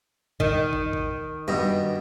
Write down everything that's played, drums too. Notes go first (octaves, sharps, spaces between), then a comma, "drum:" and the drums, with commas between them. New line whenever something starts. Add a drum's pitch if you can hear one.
D#3, drum: kick
drum: kick
drum: kick
G2 B2, drum: tom